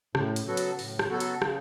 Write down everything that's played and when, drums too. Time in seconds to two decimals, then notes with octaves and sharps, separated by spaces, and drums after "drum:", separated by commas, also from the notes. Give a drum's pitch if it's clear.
0.15 A2 C#3, drum: rim click
0.36 drum: hi-hat
0.46 F#3 B3 F#4 A4
0.57 drum: hi-hat
0.79 A2, drum: open hi-hat
0.99 drum: rim click
1.10 F#3 B3 F#4 A4
1.20 drum: hi-hat
1.42 C#3, drum: rim click